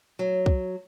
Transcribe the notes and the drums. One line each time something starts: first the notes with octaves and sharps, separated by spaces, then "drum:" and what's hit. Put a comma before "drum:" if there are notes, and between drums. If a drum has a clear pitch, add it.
F#3
drum: kick